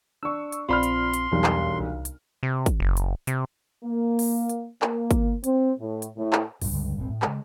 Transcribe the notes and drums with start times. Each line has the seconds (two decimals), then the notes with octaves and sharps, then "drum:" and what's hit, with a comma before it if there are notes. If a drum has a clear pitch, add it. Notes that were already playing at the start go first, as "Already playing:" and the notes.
0.23 D4 C#6 E6
0.52 drum: hi-hat
0.69 A#1 C4 F4 D5 B5 C6 F6
0.83 drum: hi-hat
1.14 drum: hi-hat
1.32 E1 B1 E2 G3
1.44 drum: clap
1.79 C2
2.05 drum: hi-hat
2.43 C3
2.66 drum: kick, hi-hat
2.80 F#1
2.97 drum: hi-hat
3.27 C3, drum: hi-hat
3.84 A#3
4.19 drum: open hi-hat
4.49 drum: hi-hat
4.82 A#3, drum: clap
5.11 drum: kick, hi-hat
5.44 C4, drum: hi-hat
5.79 A2
6.02 drum: hi-hat
6.17 A2
6.33 drum: clap
6.62 A#1 G2 A#2, drum: open hi-hat
6.73 C#2 G2 D3
6.98 D#1 G#1 B2 C4
7.10 A2
7.22 C#3 G#3, drum: clap